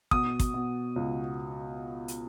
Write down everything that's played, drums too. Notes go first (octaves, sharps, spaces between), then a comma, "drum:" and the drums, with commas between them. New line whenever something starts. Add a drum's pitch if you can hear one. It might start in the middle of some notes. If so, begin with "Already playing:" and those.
B2 D#6, drum: kick
drum: kick, hi-hat
B2
C#2
drum: hi-hat